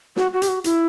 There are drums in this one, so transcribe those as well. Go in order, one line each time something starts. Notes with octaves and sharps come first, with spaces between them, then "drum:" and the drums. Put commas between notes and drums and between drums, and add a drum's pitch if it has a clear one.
F#4, drum: snare
F#4
G4, drum: hi-hat
F#4
E4, drum: hi-hat